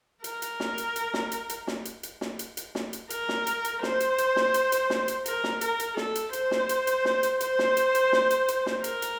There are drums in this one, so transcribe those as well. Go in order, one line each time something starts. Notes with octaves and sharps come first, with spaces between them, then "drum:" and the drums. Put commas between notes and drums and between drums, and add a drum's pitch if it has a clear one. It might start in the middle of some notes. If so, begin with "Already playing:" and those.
A#4, drum: hi-hat
drum: hi-hat
drum: snare
drum: hi-hat
drum: hi-hat
drum: snare
drum: hi-hat
drum: hi-hat
drum: snare
drum: hi-hat
drum: hi-hat
drum: snare
drum: hi-hat
drum: hi-hat
drum: snare
drum: hi-hat
A#4, drum: hi-hat
drum: snare
drum: hi-hat
drum: hi-hat
C5, drum: snare
drum: hi-hat
drum: hi-hat
drum: snare
drum: hi-hat
drum: hi-hat
drum: snare
drum: hi-hat
A#4, drum: hi-hat
drum: snare
A#4, drum: hi-hat
drum: hi-hat
A4, drum: snare
drum: hi-hat
C5, drum: hi-hat
drum: snare
drum: hi-hat
drum: hi-hat
drum: snare
drum: hi-hat
C5, drum: hi-hat
drum: snare
drum: hi-hat
drum: hi-hat
drum: snare
drum: hi-hat
drum: hi-hat
drum: snare
A#4, drum: hi-hat
drum: hi-hat